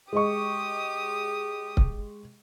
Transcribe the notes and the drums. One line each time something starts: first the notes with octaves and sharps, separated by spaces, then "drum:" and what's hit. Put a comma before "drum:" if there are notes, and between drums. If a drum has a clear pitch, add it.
G#3 G4 D#5 C#6 D#6
drum: kick C#1